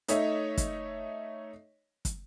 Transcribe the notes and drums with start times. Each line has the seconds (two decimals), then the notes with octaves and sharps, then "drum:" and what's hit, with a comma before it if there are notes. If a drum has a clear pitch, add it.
0.08 A3 D#4 C#5 D#5 E5, drum: hi-hat
0.57 drum: kick, hi-hat
2.05 drum: kick, hi-hat